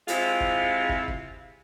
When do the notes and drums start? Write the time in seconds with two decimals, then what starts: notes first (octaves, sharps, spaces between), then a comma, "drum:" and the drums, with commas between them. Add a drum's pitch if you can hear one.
0.08 C3 G#3 C4 E4 F4, drum: hi-hat
0.40 drum: kick
0.89 drum: kick
1.08 drum: kick